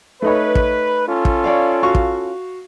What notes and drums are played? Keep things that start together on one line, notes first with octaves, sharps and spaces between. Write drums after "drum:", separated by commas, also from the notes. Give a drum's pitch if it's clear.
A3 D#4 B4 C#5
drum: kick
C#4 F4 A4
drum: kick
C#5 D5 F5
F#4 F5 C#6
drum: kick